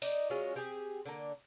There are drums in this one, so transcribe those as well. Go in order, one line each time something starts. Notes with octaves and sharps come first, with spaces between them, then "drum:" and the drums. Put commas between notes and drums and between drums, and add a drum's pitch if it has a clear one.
D#4 D5 D#5, drum: tambourine
F#3 G#3 C#4 F4
C4 G4 G#4 G#5
D3 A#3